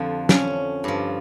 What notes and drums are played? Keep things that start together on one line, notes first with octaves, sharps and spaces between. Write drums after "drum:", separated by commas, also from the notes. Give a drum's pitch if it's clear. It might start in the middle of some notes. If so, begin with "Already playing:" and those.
Already playing: F2 D3 F3 G4
C#4, drum: snare
G2 F3